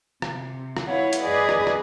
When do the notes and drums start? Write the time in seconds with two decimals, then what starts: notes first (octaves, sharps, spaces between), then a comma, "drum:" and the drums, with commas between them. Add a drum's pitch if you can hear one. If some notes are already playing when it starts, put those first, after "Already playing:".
0.22 C3, drum: rim click
0.77 drum: rim click
0.87 E4 B4 C#5 F5 F#5
1.13 drum: hi-hat
1.23 G#4 B4 D5 D#5
1.49 drum: rim click
1.67 drum: rim click